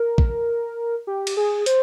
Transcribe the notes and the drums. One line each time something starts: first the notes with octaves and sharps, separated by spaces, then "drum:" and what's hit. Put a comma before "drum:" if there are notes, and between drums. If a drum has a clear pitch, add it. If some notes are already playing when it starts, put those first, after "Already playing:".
Already playing: A#4
drum: kick
G4
drum: cymbal
G#4
C5, drum: hi-hat